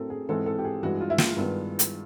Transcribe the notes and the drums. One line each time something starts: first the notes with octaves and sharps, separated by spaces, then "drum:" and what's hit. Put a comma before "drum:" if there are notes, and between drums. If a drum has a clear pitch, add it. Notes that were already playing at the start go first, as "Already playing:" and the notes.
Already playing: A2 F#3 A3 C4 A4 A#4
G#4
G#2 E3 G#3 C4 A4
A4
G4
G#4
G2 E3 G#3 F#4
F4
E4
F4, drum: snare
G2 D#3 G#3 B3
drum: hi-hat